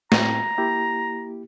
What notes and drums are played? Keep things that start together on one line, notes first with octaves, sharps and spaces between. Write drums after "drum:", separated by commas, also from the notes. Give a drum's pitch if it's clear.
A2 C4 G5 A#5, drum: snare
A#3 E4 G4